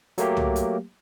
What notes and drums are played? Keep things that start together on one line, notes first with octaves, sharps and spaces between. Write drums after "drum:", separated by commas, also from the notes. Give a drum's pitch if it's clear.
F#3 A3 A#3 G4, drum: hi-hat
drum: tom
drum: hi-hat